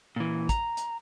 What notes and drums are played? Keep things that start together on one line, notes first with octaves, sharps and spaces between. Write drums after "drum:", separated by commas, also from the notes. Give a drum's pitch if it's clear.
A#2 E3
A#5, drum: kick, hi-hat
drum: hi-hat